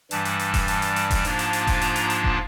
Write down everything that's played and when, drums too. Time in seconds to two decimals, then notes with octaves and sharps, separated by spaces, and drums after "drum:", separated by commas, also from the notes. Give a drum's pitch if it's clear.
0.11 G2 E3 G3 A5, drum: hi-hat
0.25 drum: hi-hat
0.39 drum: hi-hat
0.54 drum: kick E1, open hi-hat
0.68 A5, drum: hi-hat
0.82 drum: hi-hat
0.96 drum: hi-hat
1.10 drum: kick E1, open hi-hat
1.25 G#2 F3 A#3 D4 F4, drum: hi-hat
1.39 drum: hi-hat
1.53 drum: hi-hat
1.67 drum: kick E1, open hi-hat
1.81 A#5, drum: hi-hat
1.96 drum: hi-hat
2.10 A5, drum: hi-hat
2.24 drum: kick E1